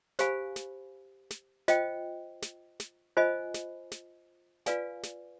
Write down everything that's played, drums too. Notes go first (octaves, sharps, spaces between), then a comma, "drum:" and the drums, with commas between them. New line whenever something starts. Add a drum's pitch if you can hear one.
G4 C5 F5 G#5 B5, drum: snare
drum: snare
drum: snare
F4 C5 D#5 G5, drum: snare
drum: snare
drum: snare
F4 C5 D#5 G#5 B5
drum: snare
drum: snare
F4 B4 D5 F5 G#5, drum: snare
drum: snare